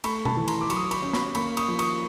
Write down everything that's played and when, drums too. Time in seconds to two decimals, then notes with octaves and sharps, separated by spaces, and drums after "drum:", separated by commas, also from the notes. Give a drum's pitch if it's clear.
0.04 A3 B5 C#6, drum: cymbal
0.25 A5 B5, drum: tom B2
0.37 E3
0.48 A#5 C6, drum: cymbal
0.61 D6
0.70 F#3 B5 C#6, drum: cymbal
0.76 D#6
0.84 D6
0.91 B5 C#6, drum: cymbal
1.02 C#4
1.13 B5 C#6, drum: snare
1.35 A#3 B5 C#6, drum: cymbal
1.57 C#6 D#6, drum: cymbal
1.68 F3
1.79 C#6 D#6, drum: cymbal